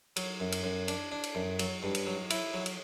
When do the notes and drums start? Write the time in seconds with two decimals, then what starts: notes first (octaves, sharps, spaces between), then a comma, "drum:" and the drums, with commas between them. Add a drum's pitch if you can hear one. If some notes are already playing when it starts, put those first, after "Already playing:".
0.16 F#3, drum: cymbal
0.40 F#2
0.52 drum: cymbal
0.64 F#2
0.88 D4, drum: cymbal
1.12 D4
1.23 drum: cymbal
1.35 F#2
1.59 F#3, drum: cymbal
1.83 G2
1.95 drum: cymbal
2.06 F#3
2.30 E4, drum: cymbal
2.54 F#3
2.66 drum: cymbal